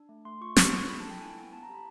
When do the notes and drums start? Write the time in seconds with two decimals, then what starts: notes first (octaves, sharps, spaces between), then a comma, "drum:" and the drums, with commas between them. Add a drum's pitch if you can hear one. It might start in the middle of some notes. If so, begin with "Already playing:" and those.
Already playing: D4
0.09 A3
0.25 A3 C6
0.41 F4 C#6
0.56 F4 C#6, drum: snare
0.73 D4
0.89 D4 B5
1.00 A5
1.05 A4
1.10 G5
1.21 E4 G#5
1.37 B3
1.52 B3 A5
1.63 A#5
1.69 G4
1.74 B5